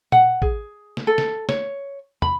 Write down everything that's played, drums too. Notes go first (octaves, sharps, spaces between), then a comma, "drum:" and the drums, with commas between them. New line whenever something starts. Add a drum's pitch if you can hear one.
F#5, drum: tom
G#4, drum: kick
drum: snare
A4
drum: snare
C#5, drum: snare
B5, drum: tom